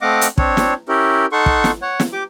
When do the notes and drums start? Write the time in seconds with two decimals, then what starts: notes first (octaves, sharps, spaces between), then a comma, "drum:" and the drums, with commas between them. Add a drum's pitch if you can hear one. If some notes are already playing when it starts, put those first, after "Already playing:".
0.01 A3 C4 D#5 F5 F#5 D6
0.21 drum: hi-hat
0.38 C4 D4 C#5, drum: kick
0.57 drum: snare
0.88 C#4 E4 G4 A#4
1.32 D#4 A4 F#5 C6 C#6
1.46 drum: kick
1.64 drum: snare
1.82 C#5 F#5
2.00 drum: snare
2.13 G4 D6